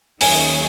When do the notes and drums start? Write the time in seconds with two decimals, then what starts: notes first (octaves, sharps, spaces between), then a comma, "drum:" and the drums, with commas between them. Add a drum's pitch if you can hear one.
0.21 D#2 D#3 F#3 C#4 G#4 G#5, drum: open hi-hat